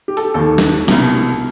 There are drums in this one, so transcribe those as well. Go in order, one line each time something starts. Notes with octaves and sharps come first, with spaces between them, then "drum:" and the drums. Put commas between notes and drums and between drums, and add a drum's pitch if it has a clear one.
G4
A4, drum: open hi-hat
G4
D#2 D#3 A4
drum: snare
C2 B2, drum: snare